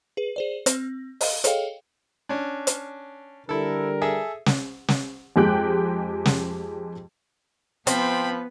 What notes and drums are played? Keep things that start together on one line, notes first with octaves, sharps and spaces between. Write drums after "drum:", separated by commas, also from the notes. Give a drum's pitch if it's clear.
G#4 B4
G#4 C5 D5
C4, drum: hi-hat
D#5 F5, drum: open hi-hat
G#4 A4 C#5 D#5 F5 G5, drum: hi-hat
C#4 D4
drum: hi-hat
D3 G3 E4 A4 A#4
G#4 A4 E5
drum: snare
drum: snare
F2 G#3 G4 G5 F#6
drum: snare
F3 B3 C4 B4 B5, drum: hi-hat